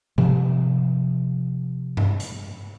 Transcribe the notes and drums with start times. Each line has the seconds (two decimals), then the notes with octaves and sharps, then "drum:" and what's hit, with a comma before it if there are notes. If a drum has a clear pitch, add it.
0.18 C3 F3, drum: tom G#2
1.97 drum: tom G2
2.20 drum: hi-hat